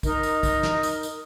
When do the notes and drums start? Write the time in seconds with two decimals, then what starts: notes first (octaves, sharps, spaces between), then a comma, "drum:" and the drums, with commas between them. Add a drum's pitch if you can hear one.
0.03 D#4 A#4 D#5, drum: kick, tambourine
0.23 drum: tambourine
0.43 drum: kick, tambourine
0.63 drum: snare
0.83 drum: tambourine
1.03 drum: tambourine